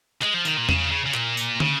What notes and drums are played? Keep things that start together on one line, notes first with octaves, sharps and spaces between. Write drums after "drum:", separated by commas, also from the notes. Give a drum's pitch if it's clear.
G#3, drum: clap
F3
D#3, drum: tambourine
A#2
C#3, drum: tom E2
C#3
C#3
A#2, drum: clap
drum: tambourine
C#3, drum: tom